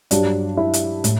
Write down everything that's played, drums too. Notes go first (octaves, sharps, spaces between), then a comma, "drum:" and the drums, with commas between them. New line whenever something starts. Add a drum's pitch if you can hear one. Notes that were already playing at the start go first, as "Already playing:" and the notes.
G2 F#3 D4, drum: hi-hat
E4
drum: hi-hat
A2, drum: hi-hat